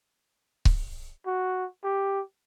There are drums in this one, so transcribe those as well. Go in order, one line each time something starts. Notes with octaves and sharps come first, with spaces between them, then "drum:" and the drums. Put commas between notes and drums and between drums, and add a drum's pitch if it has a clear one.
drum: kick C#1
F#4
G4